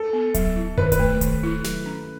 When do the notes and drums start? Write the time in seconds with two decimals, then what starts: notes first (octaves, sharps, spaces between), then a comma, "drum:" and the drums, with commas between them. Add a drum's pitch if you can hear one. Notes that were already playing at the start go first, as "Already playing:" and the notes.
Already playing: A4
0.13 B3
0.34 F#3, drum: kick D1, hi-hat
0.56 E4
0.78 D#3 B4, drum: tom F#2
0.92 B4, drum: kick D1, hi-hat
0.99 A3
1.21 D#3, drum: kick D1, hi-hat
1.43 E4
1.64 F#3, drum: snare
1.86 C#4